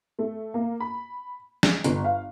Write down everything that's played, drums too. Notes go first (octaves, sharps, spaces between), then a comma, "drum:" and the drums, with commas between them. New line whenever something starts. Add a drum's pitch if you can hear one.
A3
A#3
B5
G#3, drum: snare
G1, drum: hi-hat
F5